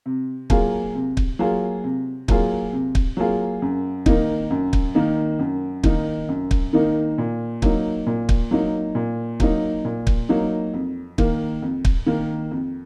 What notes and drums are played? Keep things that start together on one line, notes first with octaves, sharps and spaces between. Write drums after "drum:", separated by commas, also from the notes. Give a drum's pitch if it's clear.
C3
F#3 A#3 F4 G#4, drum: kick
C3
drum: kick
F#3 A#3 F4 G#4
C3
F#3 A#3 F4 G#4, drum: kick
C3
drum: kick
F#3 A#3 F4 G#4
F#2
D#3 A#3 D#4, drum: kick
F#2
drum: kick
D#3 A#3 D#4
F#2
D#3 A#3 D#4, drum: kick
F#2
drum: kick
D#3 A#3 D#4
A#2
F#3 A#3 D#4, drum: kick
A#2
drum: kick
F#3 A#3 D#4
A#2
F#3 A#3 D#4, drum: kick
A#2
drum: kick
F#3 A#3 D#4
F2
D#3 A#3, drum: kick
F2
drum: kick
D#3 A#3
F2